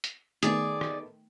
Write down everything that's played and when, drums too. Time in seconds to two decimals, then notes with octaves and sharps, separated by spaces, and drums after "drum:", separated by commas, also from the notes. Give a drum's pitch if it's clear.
0.04 drum: hi-hat
0.43 D#3 A3 B3 G#4 D5, drum: hi-hat
0.81 drum: rim click